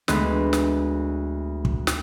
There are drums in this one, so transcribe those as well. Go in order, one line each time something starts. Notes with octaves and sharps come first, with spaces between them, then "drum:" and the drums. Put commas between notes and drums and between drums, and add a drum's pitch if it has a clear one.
D2 G#3 B3, drum: snare
drum: snare
drum: kick
drum: snare